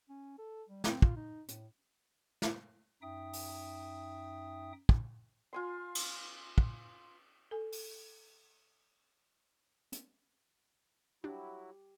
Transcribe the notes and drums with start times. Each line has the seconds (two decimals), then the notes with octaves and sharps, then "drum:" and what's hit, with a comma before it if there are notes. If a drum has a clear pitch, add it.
0.09 C#4
0.38 A4
0.69 G3
0.84 C4, drum: snare
1.02 F4, drum: kick
1.16 D#4
1.48 A2, drum: hi-hat
2.42 drum: snare
3.02 F#2 D#4 E5 G5 D#6
3.33 drum: open hi-hat
4.89 drum: kick
5.53 F4 G#5 C6
5.95 drum: cymbal
6.58 drum: kick
7.51 A4 G#5
7.72 drum: open hi-hat
9.92 drum: hi-hat
11.24 F#3 D4 E4 F#4 G4